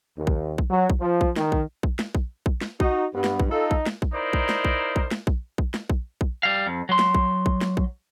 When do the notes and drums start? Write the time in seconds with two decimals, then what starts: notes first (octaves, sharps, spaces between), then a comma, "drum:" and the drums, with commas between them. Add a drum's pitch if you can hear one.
0.18 D#2
0.27 drum: kick A#1
0.58 drum: kick A#1
0.69 F#3
0.90 drum: kick A#1
1.00 F3
1.21 drum: kick A#1
1.36 D#3, drum: snare
1.52 drum: kick A#1
1.83 drum: kick A#1
1.99 drum: snare
2.15 drum: kick A#1
2.46 drum: kick A#1
2.61 drum: snare
2.80 D#4 F#4, drum: kick A#1
3.15 G2 B3
3.24 drum: snare
3.40 drum: kick A#1
3.50 D#4 F4 A4
3.71 drum: kick A#1
3.86 drum: snare
4.02 drum: kick A#1
4.12 D#4 E4 A#4 C5 D5
4.33 drum: kick A#1
4.49 drum: snare
4.65 drum: kick A#1
4.96 drum: kick A#1
5.11 drum: snare
5.27 drum: kick A#1
5.58 drum: kick A#1
5.74 drum: snare
5.90 drum: kick A#1
6.21 drum: kick A#1
6.43 G3 F5
6.67 F2
6.89 F#3 C6
6.99 drum: snare
7.15 drum: kick A#1
7.46 drum: kick A#1
7.61 drum: snare
7.77 drum: kick A#1